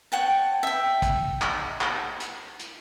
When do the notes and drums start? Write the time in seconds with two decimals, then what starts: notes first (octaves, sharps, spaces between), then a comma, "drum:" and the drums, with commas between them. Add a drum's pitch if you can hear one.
0.12 C#5 F#5 G5 A5
0.63 E5 G5
1.02 drum: kick, hi-hat
1.42 drum: clap
1.81 drum: clap
2.20 drum: hi-hat
2.60 drum: hi-hat